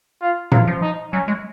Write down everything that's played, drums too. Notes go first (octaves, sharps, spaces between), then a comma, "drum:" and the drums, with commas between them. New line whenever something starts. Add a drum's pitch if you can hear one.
F4
F#3 F4, drum: tom A#2
F3
D#4
F#3 C#4
G#3